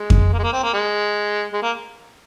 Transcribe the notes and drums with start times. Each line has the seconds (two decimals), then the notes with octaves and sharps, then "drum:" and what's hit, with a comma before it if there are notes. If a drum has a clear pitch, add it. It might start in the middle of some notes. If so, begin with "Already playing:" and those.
Already playing: G#3
0.10 drum: kick F2
0.33 A#3
0.39 G#3
0.44 A#3
0.53 C4
0.63 A#3
0.74 G#3
1.53 G#3
1.62 A#3